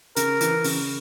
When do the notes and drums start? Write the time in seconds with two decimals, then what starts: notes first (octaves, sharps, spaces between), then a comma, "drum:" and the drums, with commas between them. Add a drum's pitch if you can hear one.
0.16 C#3 A#4, drum: hi-hat
0.41 E3, drum: hi-hat
0.64 C#3, drum: open hi-hat